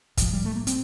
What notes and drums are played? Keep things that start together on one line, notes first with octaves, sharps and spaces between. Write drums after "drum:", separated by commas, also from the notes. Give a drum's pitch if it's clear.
A2 F3, drum: kick, hi-hat
G3
A3
A#3
C4, drum: hi-hat